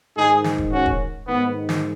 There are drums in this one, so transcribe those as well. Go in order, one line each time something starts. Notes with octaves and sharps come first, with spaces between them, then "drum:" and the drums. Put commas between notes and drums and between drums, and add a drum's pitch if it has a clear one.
G#2 D#3 D#4 G#4
drum: snare
drum: kick
C#4 F#4
drum: kick
G#2 D#3 B3
drum: snare